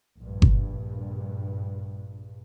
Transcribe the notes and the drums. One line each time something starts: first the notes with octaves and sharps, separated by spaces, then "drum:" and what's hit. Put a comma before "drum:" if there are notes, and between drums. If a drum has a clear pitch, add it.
A#1 G2
drum: kick G1